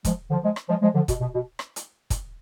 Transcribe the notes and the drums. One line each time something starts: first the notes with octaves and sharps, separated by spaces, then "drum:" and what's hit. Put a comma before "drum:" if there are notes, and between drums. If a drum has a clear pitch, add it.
F3 G#3, drum: kick, hi-hat
D3 F3
F3 G#3
drum: rim click
F3 G#3
F3 G#3
D3 F3
B2, drum: kick, hi-hat
B2
B2
drum: rim click
drum: hi-hat
drum: kick, hi-hat